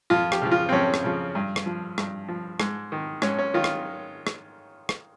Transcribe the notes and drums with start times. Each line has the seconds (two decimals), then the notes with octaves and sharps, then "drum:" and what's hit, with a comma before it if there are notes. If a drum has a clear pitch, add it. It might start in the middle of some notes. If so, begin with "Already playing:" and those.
0.10 F2 F4
0.32 G4, drum: rim click
0.42 C#3 F3
0.51 F4
0.69 C4
0.72 F2 C#4
0.94 drum: rim click
1.04 C#3 F3
1.35 G2
1.56 drum: rim click
1.66 F3
1.98 G2, drum: rim click
2.28 F3
2.60 G#2, drum: rim click
2.92 D#3
3.22 G#2 C#4, drum: rim click
3.39 C#4
3.54 D#3 F4
3.64 drum: rim click
4.27 drum: rim click
4.89 drum: rim click